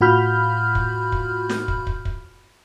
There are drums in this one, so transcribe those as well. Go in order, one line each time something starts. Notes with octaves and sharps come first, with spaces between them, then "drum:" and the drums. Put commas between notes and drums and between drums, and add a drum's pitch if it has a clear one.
A2 F4 F#4 B5 F6 G6
drum: kick
drum: kick
drum: snare
drum: kick
drum: kick
drum: kick